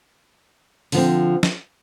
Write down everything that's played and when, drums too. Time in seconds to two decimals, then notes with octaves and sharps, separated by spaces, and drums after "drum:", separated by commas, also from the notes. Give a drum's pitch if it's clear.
0.92 D3 F3 C4, drum: open hi-hat
1.43 drum: snare